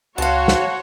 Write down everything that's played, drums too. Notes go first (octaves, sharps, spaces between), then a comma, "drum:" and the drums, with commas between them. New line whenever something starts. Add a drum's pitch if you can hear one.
C#2 F#4 C#5 F5 F#5 A5 C6
drum: snare